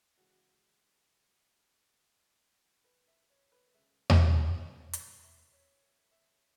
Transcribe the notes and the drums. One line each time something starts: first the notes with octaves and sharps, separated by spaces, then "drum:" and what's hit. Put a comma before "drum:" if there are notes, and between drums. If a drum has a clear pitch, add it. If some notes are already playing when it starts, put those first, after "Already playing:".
C#3 E3 G#3 F#4
B4
E5
C#5
B4
C#3 G#3 E5
drum: tom E2
C#5
B4, drum: hi-hat
E5
C#5
E5